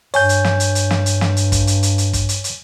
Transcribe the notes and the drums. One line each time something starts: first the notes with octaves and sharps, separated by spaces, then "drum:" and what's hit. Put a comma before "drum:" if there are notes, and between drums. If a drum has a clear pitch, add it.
G2 C#5 G#5 G6, drum: open hi-hat
drum: hi-hat
drum: snare
drum: hi-hat
drum: hi-hat
drum: snare
drum: hi-hat
drum: snare
drum: hi-hat
drum: kick, hi-hat
drum: hi-hat
drum: hi-hat
drum: hi-hat
drum: kick, hi-hat
drum: hi-hat
drum: hi-hat